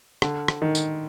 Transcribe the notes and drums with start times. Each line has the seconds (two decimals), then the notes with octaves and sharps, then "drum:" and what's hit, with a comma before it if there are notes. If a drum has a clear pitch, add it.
0.22 D3, drum: rim click
0.48 drum: rim click
0.62 D#3
0.75 drum: tambourine